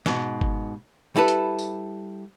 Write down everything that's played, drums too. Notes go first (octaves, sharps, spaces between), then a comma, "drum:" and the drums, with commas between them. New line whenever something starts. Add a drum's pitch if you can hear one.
G#2 B2, drum: snare
drum: kick G1
G3 E4 A4 B4
drum: hi-hat
drum: tambourine